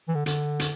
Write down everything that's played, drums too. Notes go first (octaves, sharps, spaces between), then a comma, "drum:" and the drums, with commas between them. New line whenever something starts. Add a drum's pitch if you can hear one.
E3
D3
D3, drum: hi-hat
drum: hi-hat